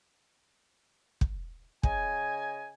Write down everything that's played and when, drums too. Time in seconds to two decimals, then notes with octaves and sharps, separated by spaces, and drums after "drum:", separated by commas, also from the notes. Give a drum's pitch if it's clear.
1.21 drum: kick
1.83 C#3 D#5 G#5, drum: kick